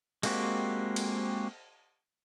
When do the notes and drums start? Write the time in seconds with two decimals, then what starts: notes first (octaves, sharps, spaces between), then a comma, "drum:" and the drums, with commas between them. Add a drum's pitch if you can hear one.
0.23 G#3 A#3 C4 F#4 G4, drum: cymbal
0.96 drum: cymbal